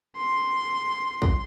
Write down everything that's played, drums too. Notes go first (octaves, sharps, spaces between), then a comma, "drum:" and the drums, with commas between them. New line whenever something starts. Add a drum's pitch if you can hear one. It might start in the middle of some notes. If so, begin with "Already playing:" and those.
C6
drum: kick